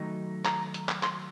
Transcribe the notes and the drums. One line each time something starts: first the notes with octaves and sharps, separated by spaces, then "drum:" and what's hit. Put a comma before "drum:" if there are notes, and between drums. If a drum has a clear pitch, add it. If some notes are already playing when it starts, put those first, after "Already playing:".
Already playing: D#3 F#3 A3 D#4
A#5, drum: clap
drum: hi-hat
drum: clap
C6, drum: clap